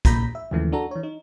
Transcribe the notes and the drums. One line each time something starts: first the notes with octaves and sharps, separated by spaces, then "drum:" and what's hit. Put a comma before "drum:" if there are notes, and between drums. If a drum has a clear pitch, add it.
C2 A#2 A#5 B5 G6 B6, drum: kick A#1, hi-hat
E5
D#2 G#2 C#3 E3 F3 A3
D4 F#4 A4 A#5
E3 C#5
D#4